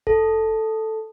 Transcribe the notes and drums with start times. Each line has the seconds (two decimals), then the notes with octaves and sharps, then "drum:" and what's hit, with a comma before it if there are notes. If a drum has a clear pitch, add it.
0.07 A4, drum: kick F1